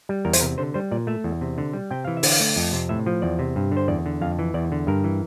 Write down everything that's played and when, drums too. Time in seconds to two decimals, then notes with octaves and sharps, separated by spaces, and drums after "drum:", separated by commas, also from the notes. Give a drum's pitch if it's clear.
0.09 G3
0.25 E2 A#4
0.33 C5, drum: hi-hat
0.41 C3 A#4
0.58 D3 C5
0.74 G3 C5
0.91 A#2 D5
1.07 A3 E5
1.24 E2
1.41 C3
1.58 D3
1.73 G3
1.91 C3 G5
2.05 E3 F5
2.17 E5
2.23 D3, drum: open hi-hat
2.32 F5
2.40 A3
2.57 F2
2.72 C3
2.89 A2 E5
3.06 F3
3.22 E2 D5
3.39 C3
3.56 G2
3.71 D3
3.77 C5
3.88 E2 D5
4.06 D3
4.21 F2 F5
4.39 E3
4.54 E2 D5
4.72 D3
4.87 G2 A#4
5.04 E3